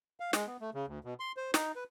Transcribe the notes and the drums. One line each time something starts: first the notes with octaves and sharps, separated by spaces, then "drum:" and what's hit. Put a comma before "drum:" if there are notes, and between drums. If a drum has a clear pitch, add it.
F5
G#3, drum: snare
B3
A3
C#3
D2
B2
C6
C5
D#4, drum: snare
B4